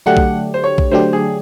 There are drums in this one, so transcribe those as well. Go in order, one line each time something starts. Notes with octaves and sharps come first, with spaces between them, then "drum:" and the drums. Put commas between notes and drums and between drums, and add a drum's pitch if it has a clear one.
D3 F#3 A3 D4 G4 F#5
drum: kick B1
C5
C#5
drum: kick B1
D3 F#3 A3 D4 G4 C5
G#4